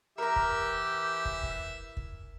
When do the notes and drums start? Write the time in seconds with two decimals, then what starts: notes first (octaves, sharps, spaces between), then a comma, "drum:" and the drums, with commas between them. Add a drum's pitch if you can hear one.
0.18 E3 G4 A#4 E5 A#5
0.36 drum: kick
1.25 drum: kick
1.43 drum: kick
1.97 drum: kick